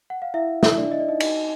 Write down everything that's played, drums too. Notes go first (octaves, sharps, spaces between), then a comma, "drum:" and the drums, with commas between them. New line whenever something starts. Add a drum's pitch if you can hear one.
F#5
F5
E4 E5
E4 E5, drum: snare
D4 D5
D#5
D5
D#4 D#5
D#4 D#5, drum: cymbal